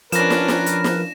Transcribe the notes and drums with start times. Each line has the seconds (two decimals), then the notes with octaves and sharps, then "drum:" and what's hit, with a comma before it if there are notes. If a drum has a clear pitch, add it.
0.12 F3 C#4 D4 A#4 B4 A#6 E7, drum: hi-hat
0.30 drum: snare
0.48 drum: snare
0.66 drum: hi-hat
0.84 drum: snare